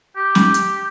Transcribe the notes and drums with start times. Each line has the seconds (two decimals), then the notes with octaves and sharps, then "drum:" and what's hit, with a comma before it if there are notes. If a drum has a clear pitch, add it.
0.16 G4
0.35 drum: snare
0.54 drum: hi-hat